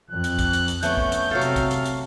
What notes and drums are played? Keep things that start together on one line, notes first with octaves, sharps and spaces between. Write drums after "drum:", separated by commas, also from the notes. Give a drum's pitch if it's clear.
F2 F#6
drum: hi-hat
drum: kick, hi-hat
drum: hi-hat
drum: hi-hat
A3 B3 C#4 G6, drum: hi-hat
drum: kick
drum: hi-hat
C3 F#3 A4 F5
drum: hi-hat
drum: kick, hi-hat
drum: hi-hat
drum: hi-hat